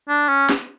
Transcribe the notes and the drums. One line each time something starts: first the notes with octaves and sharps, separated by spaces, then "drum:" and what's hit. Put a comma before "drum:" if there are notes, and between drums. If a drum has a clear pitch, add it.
D4
C#4
drum: snare